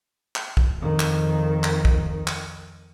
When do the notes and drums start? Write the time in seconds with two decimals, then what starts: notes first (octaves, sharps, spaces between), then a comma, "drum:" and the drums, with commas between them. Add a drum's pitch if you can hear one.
0.36 drum: clap
0.57 drum: kick
0.78 F2 D#3
1.00 drum: clap
1.64 drum: clap
1.85 drum: kick
2.27 drum: clap